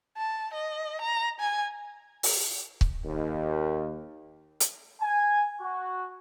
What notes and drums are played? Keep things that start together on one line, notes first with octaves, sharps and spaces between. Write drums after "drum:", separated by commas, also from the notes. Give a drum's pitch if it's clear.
A5
D#5
A#5
G#5
drum: open hi-hat
drum: kick C#1
D#2
drum: hi-hat
G#5
F#4